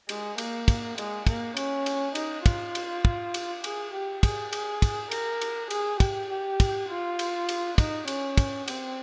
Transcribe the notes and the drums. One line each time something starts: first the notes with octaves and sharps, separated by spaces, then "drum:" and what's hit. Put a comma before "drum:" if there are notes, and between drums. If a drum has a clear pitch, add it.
G#3, drum: cymbal
A#3, drum: cymbal
drum: kick, cymbal
G#3, drum: cymbal
A#3, drum: kick, cymbal
C#4, drum: cymbal
drum: cymbal
D#4, drum: cymbal
F4, drum: kick, cymbal
drum: cymbal
drum: kick
drum: cymbal
G#4, drum: cymbal
G4
G#4, drum: kick, cymbal
G#4, drum: cymbal
drum: kick, cymbal
A#4, drum: cymbal
drum: cymbal
G#4, drum: cymbal
G4, drum: kick, cymbal
G4
drum: kick, cymbal
F4
drum: cymbal
drum: cymbal
D#4, drum: kick, cymbal
C#4, drum: cymbal
drum: kick, cymbal
C4, drum: cymbal